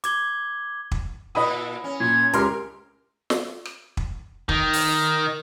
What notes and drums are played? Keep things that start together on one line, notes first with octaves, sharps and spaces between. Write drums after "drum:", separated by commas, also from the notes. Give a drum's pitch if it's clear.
D6 G#6 G7, drum: hi-hat
drum: kick
A#2 E4 D#5 B5 D#6
C#4
A#2 G#6
C#2 G4 A#4 C6 F6, drum: hi-hat
drum: snare
drum: rim click
drum: kick
D#3, drum: kick
drum: open hi-hat